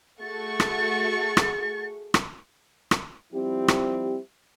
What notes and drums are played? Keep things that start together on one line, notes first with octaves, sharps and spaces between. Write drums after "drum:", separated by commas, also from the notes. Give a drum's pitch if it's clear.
A3 F#4 G#4 C#6 A6
drum: rim click
drum: rim click
drum: rim click
drum: rim click
F3 G3 C4 E4 G4
drum: rim click